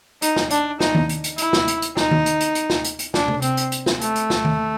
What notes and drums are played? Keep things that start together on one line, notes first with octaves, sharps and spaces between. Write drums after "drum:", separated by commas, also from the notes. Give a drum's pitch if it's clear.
D#4, drum: hi-hat
drum: snare
D4, drum: hi-hat
D#4, drum: snare
drum: tom D#3
drum: hi-hat
drum: hi-hat
E4, drum: hi-hat
drum: snare
drum: hi-hat
drum: hi-hat
D#4, drum: snare
drum: tom D#3
drum: hi-hat
drum: hi-hat
drum: hi-hat
drum: snare
drum: hi-hat
drum: hi-hat
D4, drum: snare
drum: tom C3
C4, drum: hi-hat
drum: hi-hat
drum: hi-hat
drum: snare
A3, drum: hi-hat
drum: hi-hat
drum: snare
drum: tom D#3